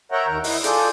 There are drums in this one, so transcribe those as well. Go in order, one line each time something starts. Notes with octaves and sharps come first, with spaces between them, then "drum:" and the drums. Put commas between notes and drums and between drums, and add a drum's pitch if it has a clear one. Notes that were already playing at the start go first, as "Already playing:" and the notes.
A#4 C#5 E5 F#5 G5 A#5
D#2 D#3 A#4 A#5
E4 D#5, drum: open hi-hat
F4 G#4 A4 D5 G5, drum: hi-hat